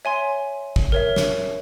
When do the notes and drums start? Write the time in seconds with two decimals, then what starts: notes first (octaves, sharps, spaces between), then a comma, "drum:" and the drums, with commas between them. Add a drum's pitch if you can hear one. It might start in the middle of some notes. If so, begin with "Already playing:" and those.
0.05 C#5 E5 G#5 C6
0.76 drum: kick
0.92 A#4 C#5 E5
1.16 drum: snare